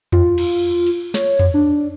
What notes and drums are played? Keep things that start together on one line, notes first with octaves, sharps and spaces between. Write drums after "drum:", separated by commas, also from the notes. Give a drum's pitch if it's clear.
F4, drum: tom E2
drum: cymbal
drum: hi-hat
C#5, drum: snare
drum: tom E2
D4